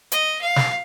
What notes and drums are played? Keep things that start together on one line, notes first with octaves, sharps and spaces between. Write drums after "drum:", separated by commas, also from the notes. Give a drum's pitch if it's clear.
D#5, drum: hi-hat
F5
drum: snare